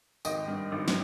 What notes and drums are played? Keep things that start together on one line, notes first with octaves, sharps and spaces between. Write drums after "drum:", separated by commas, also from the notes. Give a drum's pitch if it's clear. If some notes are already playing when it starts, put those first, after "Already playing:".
G#1 D#5 G5, drum: tambourine
G2
G#1
drum: snare